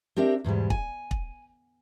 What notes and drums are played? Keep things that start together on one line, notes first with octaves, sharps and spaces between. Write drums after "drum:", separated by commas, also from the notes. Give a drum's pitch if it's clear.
C4 D4 G4 A#4 E5
E2 G#2 B2 G3
G#5, drum: kick
drum: kick